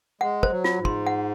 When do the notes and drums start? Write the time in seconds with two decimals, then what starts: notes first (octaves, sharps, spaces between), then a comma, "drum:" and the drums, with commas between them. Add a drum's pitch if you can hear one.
0.21 G#3 F#5
0.43 C5, drum: kick
0.50 F#3
0.64 F4, drum: snare
0.78 G#2
0.85 C6, drum: kick
1.06 F#5